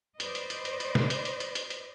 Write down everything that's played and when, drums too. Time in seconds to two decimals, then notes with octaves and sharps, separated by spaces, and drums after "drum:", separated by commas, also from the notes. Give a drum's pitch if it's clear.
0.20 B4 C5 D5 D#5, drum: hi-hat
0.35 drum: hi-hat
0.50 drum: hi-hat
0.65 drum: hi-hat
0.80 drum: hi-hat
0.95 drum: snare
1.10 drum: hi-hat
1.25 drum: hi-hat
1.40 drum: hi-hat
1.55 drum: hi-hat
1.70 drum: hi-hat